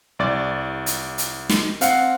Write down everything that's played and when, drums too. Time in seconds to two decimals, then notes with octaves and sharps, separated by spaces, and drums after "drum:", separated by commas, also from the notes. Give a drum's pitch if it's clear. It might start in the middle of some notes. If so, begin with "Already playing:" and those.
0.19 C2 D5 A6
0.86 drum: hi-hat
1.18 drum: hi-hat
1.49 drum: snare
1.81 C4 F5 F#5, drum: hi-hat